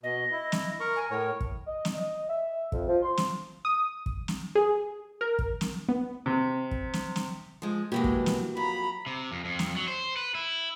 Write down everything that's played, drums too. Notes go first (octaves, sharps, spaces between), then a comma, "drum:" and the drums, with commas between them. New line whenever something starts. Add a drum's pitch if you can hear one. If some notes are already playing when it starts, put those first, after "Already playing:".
B2 D#5
E4
drum: snare
A#4 A#5 C#6
G#5
A2 A#4 C#5
drum: kick
D#5
drum: snare
D#5
E5
F2, drum: kick
F3
C6
drum: snare
D#6
drum: kick
drum: snare
G#4
A#4
drum: kick
drum: snare
B3
C3
drum: kick
drum: snare
drum: snare
F3 G#3
B2 E3 F#3 G#3 A#3 G4
drum: kick
drum: snare
F2 A#5 B5
C3
F2
F2
drum: snare
F#3
C5
B4
E4